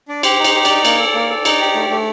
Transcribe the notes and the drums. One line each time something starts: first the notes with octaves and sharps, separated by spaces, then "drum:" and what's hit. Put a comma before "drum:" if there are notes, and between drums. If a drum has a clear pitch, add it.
D4 D5
G4 C5, drum: cymbal
D#4
C5, drum: cymbal
G4
D5, drum: cymbal
D#4
A#3, drum: cymbal
A4
A#3
A4
D#4, drum: cymbal
G4
A3
A3